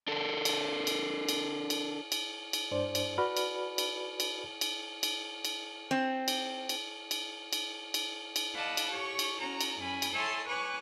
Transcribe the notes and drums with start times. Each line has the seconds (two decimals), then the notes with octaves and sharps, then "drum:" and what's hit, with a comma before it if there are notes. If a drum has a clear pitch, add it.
0.08 D4 A4 A#4
0.45 drum: cymbal
0.87 drum: cymbal
1.29 drum: cymbal
1.70 drum: cymbal
2.12 drum: cymbal
2.53 drum: cymbal
2.71 G2 D4 C5 D5
2.95 drum: cymbal
3.18 F#4 B4 D5 B5 F6
3.37 drum: cymbal
3.78 drum: cymbal
4.20 drum: cymbal
4.61 drum: cymbal
5.03 drum: cymbal
5.45 drum: cymbal
5.91 C4
6.28 drum: cymbal
6.69 drum: cymbal
7.11 drum: cymbal
7.53 drum: cymbal
7.94 drum: cymbal
8.36 drum: cymbal
8.55 D5 D#5 F5 F#5 A5 B5
8.77 drum: cymbal
8.90 G4 C#5 C#6
9.19 drum: cymbal
9.40 C#4 F#4 C#5 A#5
9.61 drum: cymbal
9.80 F#2 C#4 G#5 B5
10.02 drum: cymbal
10.13 A4 C#5 E5 G#5 C6 A6
10.47 B4 C#5 G#5 C#6 D6 F#6